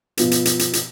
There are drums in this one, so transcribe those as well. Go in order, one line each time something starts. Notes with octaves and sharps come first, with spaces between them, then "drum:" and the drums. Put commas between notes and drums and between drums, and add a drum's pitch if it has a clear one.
B2 F3 B3, drum: hi-hat
drum: hi-hat
drum: hi-hat
drum: hi-hat
drum: hi-hat